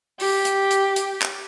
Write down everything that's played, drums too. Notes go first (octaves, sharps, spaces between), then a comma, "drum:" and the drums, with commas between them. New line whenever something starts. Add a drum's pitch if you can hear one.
G4, drum: open hi-hat
drum: hi-hat
drum: hi-hat
drum: hi-hat
drum: clap